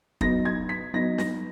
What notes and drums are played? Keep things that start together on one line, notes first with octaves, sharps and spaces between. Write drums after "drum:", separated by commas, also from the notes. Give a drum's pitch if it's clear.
F#3 B3 D#4 A#6, drum: kick
G#6
B6
F#3 B3 D#4 A#6
A#6, drum: snare